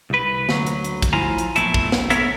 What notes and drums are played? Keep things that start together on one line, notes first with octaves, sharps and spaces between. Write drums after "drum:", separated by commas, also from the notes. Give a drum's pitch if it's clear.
C2 B4
D2 F#3, drum: snare
drum: hi-hat
drum: hi-hat
drum: kick, hi-hat
F3 E4 F4 G#5 A#5
drum: hi-hat
B1 A#2 A3 E4 A5, drum: hi-hat
drum: kick
drum: snare
B3 E4 A4 A#4 C#5 E5, drum: hi-hat